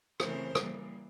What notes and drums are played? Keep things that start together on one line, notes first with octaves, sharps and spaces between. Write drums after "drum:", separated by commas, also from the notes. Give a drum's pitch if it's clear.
C#3 E3 A3 C4 A#4 C5, drum: rim click
E3 G3 A#3, drum: rim click